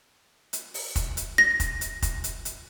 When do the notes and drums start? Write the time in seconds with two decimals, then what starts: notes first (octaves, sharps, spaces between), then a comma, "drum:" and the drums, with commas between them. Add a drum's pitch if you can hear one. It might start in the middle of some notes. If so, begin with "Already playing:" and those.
0.53 drum: hi-hat
0.74 drum: open hi-hat
0.96 drum: kick F1, hi-hat
1.17 drum: hi-hat
1.38 A#6
1.60 drum: kick F1, hi-hat
1.81 drum: hi-hat
2.02 drum: kick F1, hi-hat
2.24 drum: hi-hat
2.45 drum: hi-hat